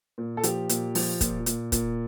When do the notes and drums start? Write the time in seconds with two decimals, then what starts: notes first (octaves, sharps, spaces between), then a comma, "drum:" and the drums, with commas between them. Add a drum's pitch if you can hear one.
0.18 A#2
0.37 A4
0.43 F3 G4, drum: hi-hat
0.69 A#2, drum: hi-hat
0.95 F3, drum: open hi-hat
1.21 A#2, drum: kick, hi-hat
1.46 A#2, drum: hi-hat
1.72 A#2, drum: kick, hi-hat